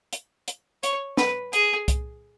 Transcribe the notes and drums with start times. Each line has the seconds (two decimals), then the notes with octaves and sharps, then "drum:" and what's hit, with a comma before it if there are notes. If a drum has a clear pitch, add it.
0.13 drum: hi-hat
0.48 drum: hi-hat
0.83 C#5, drum: hi-hat
1.17 B4, drum: snare
1.53 G#4, drum: hi-hat
1.88 drum: kick C2, hi-hat